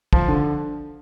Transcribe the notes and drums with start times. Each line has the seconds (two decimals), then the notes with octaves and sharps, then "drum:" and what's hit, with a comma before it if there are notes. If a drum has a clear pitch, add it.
0.13 F3, drum: kick
0.28 D3